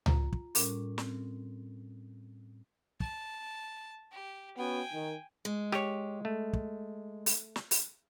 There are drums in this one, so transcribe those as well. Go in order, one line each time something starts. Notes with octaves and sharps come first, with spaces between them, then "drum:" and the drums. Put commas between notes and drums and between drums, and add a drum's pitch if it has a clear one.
F4 A#5, drum: tom C#2
drum: kick
A2 G3 C#4 A#4 D6, drum: open hi-hat
C4, drum: snare
A5, drum: kick
G4
B3 C#4 F#4 G5 G#5
D#3
G#3
G4 C#5, drum: rim click
A3
drum: kick
drum: open hi-hat
drum: snare
drum: open hi-hat